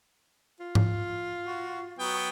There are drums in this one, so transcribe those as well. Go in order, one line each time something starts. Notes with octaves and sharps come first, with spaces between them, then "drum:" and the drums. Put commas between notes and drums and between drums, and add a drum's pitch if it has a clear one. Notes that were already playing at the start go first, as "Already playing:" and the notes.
F4
drum: tom G#2
F#4
F#3 B3 G5